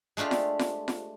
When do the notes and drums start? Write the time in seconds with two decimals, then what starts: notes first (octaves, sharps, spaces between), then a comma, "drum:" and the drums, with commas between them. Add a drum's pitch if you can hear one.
0.17 G#3 A3 D4 F4 G4
0.31 drum: snare F4
0.59 drum: snare F4
0.88 drum: snare F4